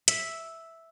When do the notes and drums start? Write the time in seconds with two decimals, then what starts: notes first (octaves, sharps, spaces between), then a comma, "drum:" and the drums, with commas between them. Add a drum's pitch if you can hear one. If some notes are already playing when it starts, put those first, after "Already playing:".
0.08 E5, drum: hi-hat